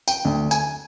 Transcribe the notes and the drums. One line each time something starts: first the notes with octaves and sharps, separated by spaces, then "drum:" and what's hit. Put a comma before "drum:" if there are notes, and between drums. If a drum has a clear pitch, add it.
G5, drum: tambourine
D2
G#5, drum: tambourine